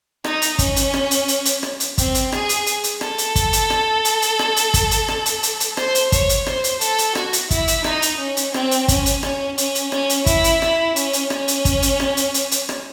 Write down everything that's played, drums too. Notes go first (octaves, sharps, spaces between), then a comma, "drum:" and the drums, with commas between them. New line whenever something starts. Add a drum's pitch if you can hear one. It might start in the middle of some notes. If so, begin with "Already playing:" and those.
D#4, drum: rim click
drum: hi-hat
C#4, drum: kick, hi-hat
drum: hi-hat
drum: rim click
drum: hi-hat
drum: hi-hat
drum: hi-hat
drum: rim click
drum: hi-hat
C4, drum: kick, hi-hat
drum: hi-hat
G#4, drum: rim click
drum: hi-hat
drum: hi-hat
drum: hi-hat
A4, drum: rim click
drum: hi-hat
drum: kick, hi-hat
drum: hi-hat
drum: rim click
drum: hi-hat
drum: hi-hat
drum: rim click
drum: hi-hat
drum: kick, hi-hat
drum: hi-hat
drum: rim click
drum: hi-hat
drum: hi-hat
drum: hi-hat
C5, drum: rim click
drum: hi-hat
C#5, drum: kick, hi-hat
drum: hi-hat
C5, drum: rim click
drum: hi-hat
A4, drum: hi-hat
drum: hi-hat
F#4, drum: rim click
drum: hi-hat
E4, drum: kick, hi-hat
drum: hi-hat
D#4, drum: rim click
drum: hi-hat
C#4
drum: hi-hat
C4, drum: rim click
drum: hi-hat
C#4, drum: kick, hi-hat
drum: hi-hat
C#4, drum: rim click
C#4, drum: hi-hat
drum: hi-hat
C#4, drum: rim click
drum: hi-hat
E4, drum: kick, hi-hat
drum: hi-hat
E4, drum: rim click
C#4, drum: hi-hat
drum: hi-hat
C#4, drum: rim click
drum: hi-hat
drum: kick, hi-hat
drum: hi-hat
drum: rim click
drum: hi-hat
drum: hi-hat
drum: hi-hat
drum: rim click